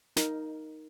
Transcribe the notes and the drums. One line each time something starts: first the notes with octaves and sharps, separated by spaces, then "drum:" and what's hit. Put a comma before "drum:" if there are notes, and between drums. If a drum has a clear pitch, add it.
D#4 A#4, drum: snare